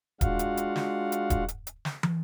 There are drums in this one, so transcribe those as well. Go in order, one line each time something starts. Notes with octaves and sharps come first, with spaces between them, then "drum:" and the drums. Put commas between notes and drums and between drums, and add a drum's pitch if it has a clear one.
G#3 D4 F4 F#4 F5 F#5, drum: kick D#1, hi-hat
drum: hi-hat
drum: hi-hat
drum: snare
drum: hi-hat
drum: kick D#1, hi-hat
drum: hi-hat
drum: hi-hat
drum: snare
drum: tom